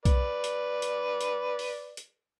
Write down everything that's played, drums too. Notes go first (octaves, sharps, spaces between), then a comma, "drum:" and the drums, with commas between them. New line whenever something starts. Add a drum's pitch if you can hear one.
B4 D5, drum: kick B1, hi-hat
drum: hi-hat
drum: hi-hat
drum: hi-hat
drum: open hi-hat
drum: hi-hat